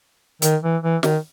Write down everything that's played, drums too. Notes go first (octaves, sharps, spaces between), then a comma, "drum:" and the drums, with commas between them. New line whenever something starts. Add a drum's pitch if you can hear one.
D#3, drum: hi-hat
E3
E3
D#3, drum: snare